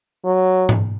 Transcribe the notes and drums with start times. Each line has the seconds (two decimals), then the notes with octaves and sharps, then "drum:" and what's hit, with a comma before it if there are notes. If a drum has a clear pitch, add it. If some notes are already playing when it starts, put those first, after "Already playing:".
0.25 F#3
0.69 drum: tom G#2